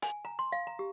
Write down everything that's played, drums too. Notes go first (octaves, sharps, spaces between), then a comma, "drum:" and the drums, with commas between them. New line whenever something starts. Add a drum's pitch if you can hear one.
G#5, drum: hi-hat
A#5
C6
F5
A#5
G4